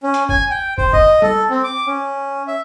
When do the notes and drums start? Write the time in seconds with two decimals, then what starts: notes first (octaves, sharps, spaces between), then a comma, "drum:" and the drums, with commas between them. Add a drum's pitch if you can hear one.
0.03 C#4
0.14 drum: hi-hat
0.29 G#5, drum: kick
0.50 G5
0.78 C5, drum: kick
0.93 D#5, drum: kick
1.22 A4, drum: tom G3
1.50 C4
1.64 D6
1.87 C#4
2.48 E5